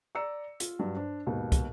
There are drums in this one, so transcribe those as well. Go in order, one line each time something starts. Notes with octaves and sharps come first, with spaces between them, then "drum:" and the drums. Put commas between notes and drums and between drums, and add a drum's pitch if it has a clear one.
D5 A#5 E6 C#7
F4, drum: hi-hat
G2 F#3
D4 C5
D#2 G#2 B2
drum: kick, hi-hat